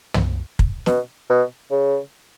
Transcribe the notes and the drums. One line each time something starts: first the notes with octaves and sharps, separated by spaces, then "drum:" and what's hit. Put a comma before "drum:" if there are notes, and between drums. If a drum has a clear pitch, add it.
drum: tom
drum: kick
B2, drum: snare
B2
C#3